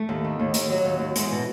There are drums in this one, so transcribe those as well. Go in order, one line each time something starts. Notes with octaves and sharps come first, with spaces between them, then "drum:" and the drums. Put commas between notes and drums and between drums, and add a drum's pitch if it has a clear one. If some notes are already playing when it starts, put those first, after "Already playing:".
Already playing: A3
D#2
D#3
D#2
D#2, drum: hi-hat
F#3
D#2
D#2
E2 G#3, drum: hi-hat
B2